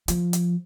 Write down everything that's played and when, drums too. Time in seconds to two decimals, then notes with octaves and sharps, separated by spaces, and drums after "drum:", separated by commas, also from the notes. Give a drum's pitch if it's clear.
0.08 F3, drum: hi-hat
0.33 drum: hi-hat